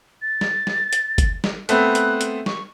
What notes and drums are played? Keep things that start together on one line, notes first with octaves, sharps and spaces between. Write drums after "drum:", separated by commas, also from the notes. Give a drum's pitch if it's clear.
A6
drum: snare
drum: snare
drum: hi-hat
drum: kick F#1, hi-hat
drum: snare
A3 B3 C4 F#6, drum: hi-hat
drum: hi-hat
drum: hi-hat
C#6, drum: snare